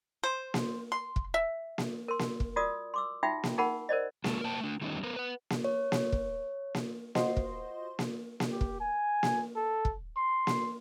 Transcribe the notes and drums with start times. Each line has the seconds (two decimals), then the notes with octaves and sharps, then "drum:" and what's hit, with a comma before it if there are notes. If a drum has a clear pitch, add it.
0.24 C5
0.54 drum: snare A#3
0.92 C6
1.16 drum: kick
1.34 E5
1.78 drum: snare A#3
2.08 A#4 C6
2.19 drum: snare A#3
2.40 drum: kick
2.56 F4 F#4 A#4 D5 D#6
2.94 C6 D6 E6
3.23 D#4 F4 F#4 E5 G5
3.43 drum: snare A#3
3.58 D#4 G#4 A#4 F#5 B5
3.89 A#4 C5 D5 D#5
4.24 G#3 A4 A#4, drum: snare A#3
4.44 A#3 C5 G5 A5
4.61 A3 D4
4.81 D#3 G3 A3 B3 C#4 D#4
5.03 B3 A#4 B4
5.16 B4 F#5
5.50 drum: snare A#3
5.64 C#5
5.92 drum: snare A#3
6.12 drum: kick
6.75 drum: snare A#3
7.15 F4 F#4 C5 D#5 C6, drum: snare A#3
7.37 drum: kick
7.99 drum: snare A#3
8.40 drum: snare A#3
8.51 G4
8.61 drum: kick
8.80 G#5
9.23 drum: snare A#3
9.56 A4
9.85 drum: kick
10.17 C6
10.47 drum: snare A#3